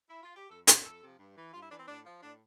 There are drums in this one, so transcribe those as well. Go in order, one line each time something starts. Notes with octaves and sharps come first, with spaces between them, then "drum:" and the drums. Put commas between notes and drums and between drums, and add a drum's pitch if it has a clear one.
E4
F4
G4
F2 A4
C3 F3, drum: hi-hat
F2 A4
C3 F3
G2
E3
G2 F4
E4
E3 D4
C4
A2 D4
F3
A2 D4